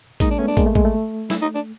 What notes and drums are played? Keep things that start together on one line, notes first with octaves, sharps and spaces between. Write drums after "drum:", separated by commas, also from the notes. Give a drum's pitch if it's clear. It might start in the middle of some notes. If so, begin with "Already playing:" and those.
G#3 A#3 D#4, drum: kick, hi-hat
D4
A3 B3 C#4
D4
G#3 A#3, drum: kick, hi-hat
A3
G#3, drum: kick
A3
E4, drum: snare
D#4
D4